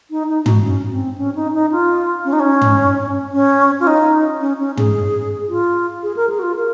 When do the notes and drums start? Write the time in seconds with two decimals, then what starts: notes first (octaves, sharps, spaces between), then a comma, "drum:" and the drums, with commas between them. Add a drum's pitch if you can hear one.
0.11 D#4
0.28 D#4
0.46 F#4, drum: tom
0.64 C#4
0.91 C4
1.18 C#4
1.35 D#4
1.54 D#4
1.72 F4
2.25 C#4
2.33 D#4
2.40 C#4
2.61 drum: tom
3.33 C#4
3.80 F4
3.87 D#4
4.41 C#4
4.59 C#4
4.77 G#4, drum: tom
5.49 F4
6.03 G#4
6.16 A#4
6.29 G#4
6.39 F#4
6.43 F4
6.56 A#4